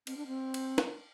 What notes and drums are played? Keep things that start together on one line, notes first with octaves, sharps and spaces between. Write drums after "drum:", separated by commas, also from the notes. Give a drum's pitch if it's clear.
C4, drum: cymbal
D4
C4
drum: cymbal
drum: snare